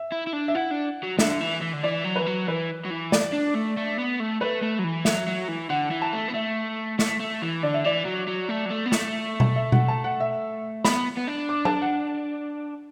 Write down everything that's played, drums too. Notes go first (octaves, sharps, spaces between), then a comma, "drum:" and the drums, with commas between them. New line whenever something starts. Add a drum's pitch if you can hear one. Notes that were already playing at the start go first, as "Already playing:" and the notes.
Already playing: E5
E4
E4
D4
E5
E4 F#5
D4
F#3
D3 E5, drum: snare
E3
E3
D3
E3 D5
F#3
B4
E3
F#3
E3 B4
F#3
E3
D5, drum: snare
D4
A3
A3
B3
A3
A3 B4
A3
F#3
E3
F#3 E5, drum: snare
F#3
E3
D3 F#5
E3
A5
A3
B3
A3 E5
A3, drum: snare
A3
E3
D3 D5
E5
E3 D5
F#3
F#3
A3
F#3
A3
B3
A3, drum: snare
drum: tom B2
E5
F#5, drum: tom B2
A5
F#5
E5
B3 B5, drum: snare
B3
D4
D6
A5, drum: tom F#3
F#5